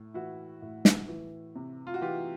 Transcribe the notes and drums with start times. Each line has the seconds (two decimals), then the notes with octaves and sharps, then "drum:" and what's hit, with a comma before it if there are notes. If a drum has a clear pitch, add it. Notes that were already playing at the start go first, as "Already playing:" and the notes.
Already playing: A2
0.14 E3 E4 F#4
0.62 A2
0.85 drum: snare
1.08 E3
1.55 C3
1.87 F4
1.94 F#4
2.01 E3 F4 G4